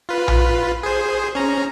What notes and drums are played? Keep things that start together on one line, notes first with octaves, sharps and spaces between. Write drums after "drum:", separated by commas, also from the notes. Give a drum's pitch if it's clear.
F4 B4
drum: tom A#1
G#4 C5
C#4 A#5